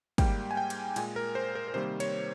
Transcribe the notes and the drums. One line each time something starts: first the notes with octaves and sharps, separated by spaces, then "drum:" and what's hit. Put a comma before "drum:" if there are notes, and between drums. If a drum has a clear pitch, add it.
G#2 G3 A#3 G5, drum: kick, cymbal
G#5
G5
drum: cymbal
A#2 G#3 G#5, drum: cymbal
A#4
C5
A#4
A#4
C3 D#3 G3 A#3 C5
C#5, drum: cymbal